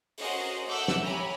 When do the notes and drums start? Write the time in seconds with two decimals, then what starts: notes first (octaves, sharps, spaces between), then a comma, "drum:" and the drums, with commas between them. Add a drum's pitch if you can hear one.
0.18 C#4 F#4 G#4 A#4 C5 D#5, drum: open hi-hat
0.67 A3 F#5 D6 E6 G6
0.88 drum: snare
1.02 G4 C#5 G#5 A#5 B5